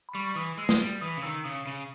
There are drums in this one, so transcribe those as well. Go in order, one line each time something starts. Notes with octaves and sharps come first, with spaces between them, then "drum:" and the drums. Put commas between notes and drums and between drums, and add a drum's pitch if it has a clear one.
B5
G3 C#6
C#6
E3 D#6
G#3 E6
D#6, drum: snare
G3
E3 D#6
C#3
D#3 E6
C#3 D#6
C#3